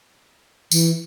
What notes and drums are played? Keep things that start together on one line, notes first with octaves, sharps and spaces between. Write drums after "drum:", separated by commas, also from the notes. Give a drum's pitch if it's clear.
E3, drum: tambourine